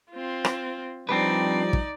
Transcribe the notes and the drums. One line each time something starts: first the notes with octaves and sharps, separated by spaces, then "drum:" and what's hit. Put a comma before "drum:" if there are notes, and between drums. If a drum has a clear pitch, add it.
C4 F4
drum: rim click
F3 G3 C4 D4 D#4 B4 D5
drum: kick